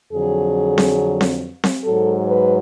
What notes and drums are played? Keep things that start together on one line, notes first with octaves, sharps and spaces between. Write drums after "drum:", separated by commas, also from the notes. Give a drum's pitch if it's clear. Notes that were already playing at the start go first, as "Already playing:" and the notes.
F2 D3 F#3 G#4
drum: snare C4
drum: snare C4
drum: snare C4
G#2 F#3 A4
B4